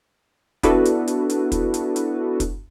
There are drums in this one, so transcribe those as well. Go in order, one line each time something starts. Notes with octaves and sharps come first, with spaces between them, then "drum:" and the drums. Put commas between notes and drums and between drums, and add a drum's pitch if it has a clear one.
B3 D4 E4 F#4 A4 B4, drum: kick, hi-hat
drum: hi-hat
drum: hi-hat
drum: hi-hat
drum: kick, hi-hat
drum: hi-hat
drum: hi-hat
drum: kick, hi-hat